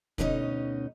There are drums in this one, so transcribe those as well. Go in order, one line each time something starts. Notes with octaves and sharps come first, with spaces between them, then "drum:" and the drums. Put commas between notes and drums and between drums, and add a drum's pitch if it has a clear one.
D2 B2 C#4 D#4 A4 D#5, drum: kick